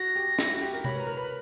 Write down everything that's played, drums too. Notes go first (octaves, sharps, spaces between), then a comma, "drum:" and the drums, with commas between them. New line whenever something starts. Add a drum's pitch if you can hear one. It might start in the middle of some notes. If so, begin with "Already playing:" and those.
Already playing: F#4 A#6
G4
E4, drum: snare
F#4
G4
A#4
C#5 B5, drum: tom C3
B4 A#5
A#4
B4 B5